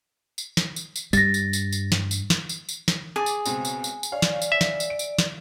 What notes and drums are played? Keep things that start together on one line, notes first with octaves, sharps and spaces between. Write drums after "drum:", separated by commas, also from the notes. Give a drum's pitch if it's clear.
drum: tambourine
drum: snare
drum: tambourine
drum: tambourine
G2 G3 A6 A#6, drum: tambourine
drum: tambourine
drum: tambourine
drum: tambourine
drum: snare
drum: tambourine
drum: snare
drum: tambourine
drum: tambourine
drum: snare
G#4 G#5 D6 A6
drum: tambourine
C#2 B2 C4, drum: tambourine
drum: tambourine
drum: tambourine
drum: tambourine
C#5 D5 F5
drum: snare
drum: tambourine
E5
drum: snare
drum: tambourine
D7
drum: tambourine
drum: snare